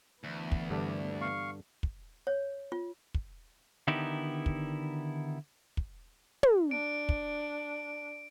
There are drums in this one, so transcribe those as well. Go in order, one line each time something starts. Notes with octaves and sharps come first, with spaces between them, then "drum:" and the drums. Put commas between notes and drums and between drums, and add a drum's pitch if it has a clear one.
D2 E3 B3
drum: kick
G2 D3 D4
F5 C#6
drum: kick
C#5
F4
drum: kick
D3 D#3 B3 D#4 E4 G4
drum: kick
drum: kick
drum: tom
D4 D7
drum: kick